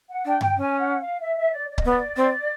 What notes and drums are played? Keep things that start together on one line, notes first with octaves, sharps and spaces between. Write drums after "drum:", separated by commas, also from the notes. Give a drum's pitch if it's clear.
F#5
D4 G5
G5, drum: tom G2
C#4 G#5
F#5
F5
E5
E5
D5
D5
D#5, drum: kick C#1
B3 D5
C4